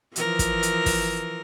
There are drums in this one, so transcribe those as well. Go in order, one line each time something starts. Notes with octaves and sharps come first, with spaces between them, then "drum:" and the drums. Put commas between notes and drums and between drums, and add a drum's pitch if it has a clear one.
E3 F3 A#4, drum: hi-hat
drum: kick, hi-hat
drum: hi-hat
drum: kick, open hi-hat